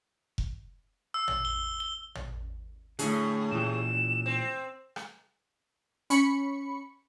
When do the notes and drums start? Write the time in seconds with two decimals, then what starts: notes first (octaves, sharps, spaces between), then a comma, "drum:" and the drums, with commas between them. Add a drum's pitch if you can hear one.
0.38 drum: kick F1
1.14 E6
1.28 drum: tom
1.45 G7
1.80 G7
2.15 drum: tom
2.99 A2 D3 A3 G#4, drum: hi-hat
3.51 A#2 E3 G4 E7
4.26 C4
4.96 drum: rim click
6.10 C#4 B5 C#6 C#7, drum: hi-hat